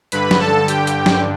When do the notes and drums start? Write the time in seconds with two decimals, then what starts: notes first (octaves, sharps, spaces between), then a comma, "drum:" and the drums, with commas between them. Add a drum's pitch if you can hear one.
0.12 G2 D3 B4 B5, drum: hi-hat
0.31 drum: snare
0.40 A4 A5
0.68 G4 G5, drum: hi-hat
0.87 drum: hi-hat
1.06 drum: snare